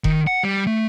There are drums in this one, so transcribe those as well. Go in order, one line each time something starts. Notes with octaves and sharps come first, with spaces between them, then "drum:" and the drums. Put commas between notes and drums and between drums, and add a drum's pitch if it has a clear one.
D#3, drum: kick E1
F#5
G3
A3